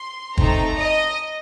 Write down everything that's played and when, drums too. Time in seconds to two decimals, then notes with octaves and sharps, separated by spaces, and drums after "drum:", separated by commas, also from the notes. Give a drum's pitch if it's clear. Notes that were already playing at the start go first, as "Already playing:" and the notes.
Already playing: C6
0.38 A3 C4 D#4 A4 A#5, drum: kick
0.78 D#5